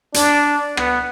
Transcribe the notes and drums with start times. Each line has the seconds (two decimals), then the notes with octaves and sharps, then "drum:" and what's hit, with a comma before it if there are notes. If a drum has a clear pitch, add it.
0.14 D4, drum: hi-hat
0.77 B3, drum: rim click